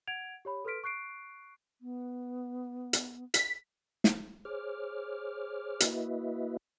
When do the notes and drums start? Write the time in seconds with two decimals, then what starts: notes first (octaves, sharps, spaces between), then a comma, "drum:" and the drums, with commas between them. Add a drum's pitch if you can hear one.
0.07 F#5 G#6 D7 F7
0.45 G4 C#5 B5
0.65 A4 B4 C6 F6 B6 D7
0.84 C#6 F#6 C7 D7
1.81 B3
2.93 drum: hi-hat
3.34 B6, drum: hi-hat
4.04 drum: snare
4.45 G#4 C5 C#5 D6 F6
5.80 A#3 E4 F#4 B4 D#5 E5, drum: hi-hat